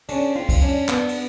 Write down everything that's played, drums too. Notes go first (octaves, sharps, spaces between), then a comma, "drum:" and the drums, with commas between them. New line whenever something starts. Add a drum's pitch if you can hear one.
C#4 D4, drum: cymbal
C4 F4
drum: kick, cymbal
C#4 D4
B3 D4, drum: clap
drum: cymbal